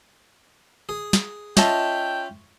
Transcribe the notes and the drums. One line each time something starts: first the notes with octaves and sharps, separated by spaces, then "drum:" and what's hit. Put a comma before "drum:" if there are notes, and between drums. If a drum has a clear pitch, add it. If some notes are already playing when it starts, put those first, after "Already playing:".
G#4
drum: snare
C#4 F4 D#5 E5 G5 A5, drum: snare